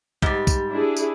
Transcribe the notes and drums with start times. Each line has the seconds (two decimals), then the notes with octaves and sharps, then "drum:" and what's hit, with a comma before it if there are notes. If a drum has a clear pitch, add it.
0.22 G#2 G3 G4, drum: kick
0.47 drum: kick, tambourine
0.69 D4 E4 G#4
0.97 drum: tambourine